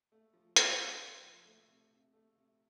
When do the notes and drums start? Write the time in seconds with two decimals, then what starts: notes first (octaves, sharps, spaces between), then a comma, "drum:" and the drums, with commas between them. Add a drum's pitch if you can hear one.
0.12 A3
0.33 F3
0.56 D4, drum: hi-hat
0.78 D4
1.01 D4
1.23 F3
1.45 A3
1.68 C3
1.91 C3
2.13 A3
2.36 C3